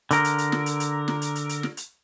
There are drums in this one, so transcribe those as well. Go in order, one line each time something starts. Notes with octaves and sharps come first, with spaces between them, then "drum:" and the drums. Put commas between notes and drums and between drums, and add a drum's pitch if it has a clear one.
D3 A#4, drum: hi-hat
drum: hi-hat
drum: hi-hat
drum: snare
drum: hi-hat
drum: hi-hat
drum: snare
drum: hi-hat
drum: hi-hat
drum: hi-hat
drum: snare
drum: hi-hat